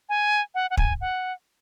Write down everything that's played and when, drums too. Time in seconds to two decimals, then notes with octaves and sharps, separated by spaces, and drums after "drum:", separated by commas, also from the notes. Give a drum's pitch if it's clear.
0.09 G#5
0.55 F#5
0.70 F#5
0.77 G#5, drum: kick
1.01 F#5